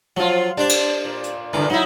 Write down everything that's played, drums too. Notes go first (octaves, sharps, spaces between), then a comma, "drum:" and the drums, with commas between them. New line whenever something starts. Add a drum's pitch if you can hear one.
F3 F#3 F4
D4 G4 C5 D5
drum: cymbal
A#2
drum: hi-hat
G2 A#2 D3 E3 D6
F#3 D#4 E4